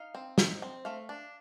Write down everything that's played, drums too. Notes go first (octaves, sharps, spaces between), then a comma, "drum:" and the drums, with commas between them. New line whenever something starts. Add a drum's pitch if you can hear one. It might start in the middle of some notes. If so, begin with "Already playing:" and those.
Already playing: D#4 F5
C4
D#4, drum: snare
C4
A3 F5
D4